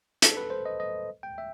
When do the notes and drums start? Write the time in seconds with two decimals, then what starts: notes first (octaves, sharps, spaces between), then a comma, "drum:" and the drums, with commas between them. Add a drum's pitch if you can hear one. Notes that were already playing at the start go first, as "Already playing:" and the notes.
0.22 A4, drum: hi-hat
0.37 B4
0.50 C5
0.66 D#5
0.80 D#5
1.23 G5
1.38 E5